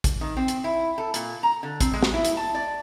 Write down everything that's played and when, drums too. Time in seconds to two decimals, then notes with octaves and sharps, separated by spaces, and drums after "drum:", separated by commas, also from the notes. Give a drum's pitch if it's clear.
0.04 drum: kick, hi-hat
0.21 D#3
0.37 C4
0.48 drum: hi-hat
0.64 E4
0.98 A4
1.14 A#2, drum: hi-hat
1.43 A#5
1.63 D3
1.80 C4, drum: kick, hi-hat
1.94 G#3
2.03 drum: snare
2.14 E4
2.25 drum: hi-hat
2.37 A5
2.55 D5